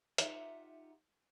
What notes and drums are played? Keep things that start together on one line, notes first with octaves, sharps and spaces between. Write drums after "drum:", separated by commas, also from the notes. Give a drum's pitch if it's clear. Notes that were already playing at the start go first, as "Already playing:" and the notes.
D#4 F4 G4 E5 F#5, drum: hi-hat